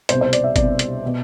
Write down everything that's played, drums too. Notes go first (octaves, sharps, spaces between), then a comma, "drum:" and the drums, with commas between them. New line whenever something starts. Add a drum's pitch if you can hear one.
C2 B2 C5, drum: hi-hat
C5
D5, drum: hi-hat
E5
C2 B2 D5, drum: kick G1, hi-hat
drum: hi-hat
B2